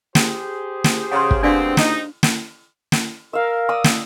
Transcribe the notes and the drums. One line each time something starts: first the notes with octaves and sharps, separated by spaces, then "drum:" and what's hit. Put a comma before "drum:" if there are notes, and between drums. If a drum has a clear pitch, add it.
G4 G#4 C5, drum: snare
drum: snare
C#3 F#5 C6
drum: kick
D2 B3 C4 D4 D5 F5
D#4, drum: snare
drum: snare
drum: snare
A#4 E5 F5
D5 D#6 E6
drum: snare